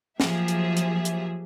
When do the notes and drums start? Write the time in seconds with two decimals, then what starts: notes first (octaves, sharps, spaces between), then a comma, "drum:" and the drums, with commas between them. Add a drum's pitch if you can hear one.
0.20 F3 F#3 A#3 G4 G#4 E5, drum: snare
0.48 drum: hi-hat
0.77 drum: hi-hat
1.05 drum: hi-hat